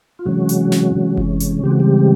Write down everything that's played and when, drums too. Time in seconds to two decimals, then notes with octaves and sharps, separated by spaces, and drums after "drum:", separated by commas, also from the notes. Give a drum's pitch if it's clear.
0.19 F4
0.25 C3 E3 F#3 G#3 C#4 F#4
0.49 drum: hi-hat
0.72 drum: snare
0.95 C3 E3 G#3 C#4
1.17 drum: kick F#1
1.40 drum: hi-hat
1.63 C#3 E3 G#3 C4 G4
1.71 F#4
1.80 G3 G4